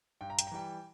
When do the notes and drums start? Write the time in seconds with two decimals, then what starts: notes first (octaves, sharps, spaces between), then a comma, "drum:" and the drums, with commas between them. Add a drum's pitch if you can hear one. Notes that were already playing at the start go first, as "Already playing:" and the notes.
0.21 G2 G5
0.30 A#5
0.39 G5, drum: hi-hat
0.47 A#5
0.52 E3 G3 G5